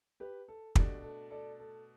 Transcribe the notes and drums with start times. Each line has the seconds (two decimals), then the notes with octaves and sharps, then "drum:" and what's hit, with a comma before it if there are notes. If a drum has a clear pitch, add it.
0.20 G4 B4
0.48 A4
0.75 B2 A3 D4 G4, drum: kick
1.04 A4
1.31 A4 D5
1.60 A4